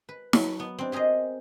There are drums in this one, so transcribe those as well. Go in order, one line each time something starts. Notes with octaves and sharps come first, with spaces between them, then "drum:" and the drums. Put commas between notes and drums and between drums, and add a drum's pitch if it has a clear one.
B4
F#3, drum: snare
B3
C4 D4
G4 G#4 A#4 C5 D#5